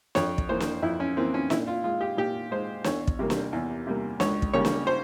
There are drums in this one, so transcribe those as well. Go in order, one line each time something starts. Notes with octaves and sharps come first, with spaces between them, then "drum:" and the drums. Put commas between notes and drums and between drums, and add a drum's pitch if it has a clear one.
F2 C#5, drum: snare
drum: kick
E3 A#3 C5
drum: snare
F2 E4
C#4
E3 A#3 C4
C#4
A#2 E4, drum: snare
F4
G#3 F4
G4
A#2 G4
G#3 C5
E2 C#5, drum: snare
drum: kick
C3 G3 A#3
drum: snare
E2
C3 G3 A#3
C#2 C#5, drum: snare
drum: kick
C#3 G3 A#3 C#5
drum: snare
C5